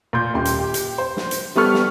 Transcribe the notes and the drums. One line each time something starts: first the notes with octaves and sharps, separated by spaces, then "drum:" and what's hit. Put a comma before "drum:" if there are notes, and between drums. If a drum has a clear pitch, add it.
A#2 C6 G6
D#1 A#3 C#4 G5 C6
drum: hi-hat
G4
drum: hi-hat
C5
drum: snare
drum: hi-hat
G3 B3 A4 C#6 F6
drum: snare